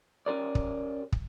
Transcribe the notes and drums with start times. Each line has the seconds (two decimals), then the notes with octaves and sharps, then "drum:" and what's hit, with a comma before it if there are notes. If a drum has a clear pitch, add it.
0.26 C#4 G4 A#4 D5
0.55 drum: kick
1.12 drum: kick